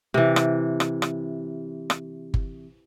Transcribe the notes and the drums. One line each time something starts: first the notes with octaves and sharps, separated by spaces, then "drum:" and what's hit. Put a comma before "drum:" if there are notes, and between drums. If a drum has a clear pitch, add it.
C3 E3
drum: rim click
drum: rim click
drum: rim click
drum: rim click
drum: kick G1